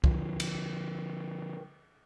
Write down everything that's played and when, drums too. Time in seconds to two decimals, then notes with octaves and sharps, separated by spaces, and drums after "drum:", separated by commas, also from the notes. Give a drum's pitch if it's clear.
0.04 D3 F3, drum: kick C2
0.40 drum: cymbal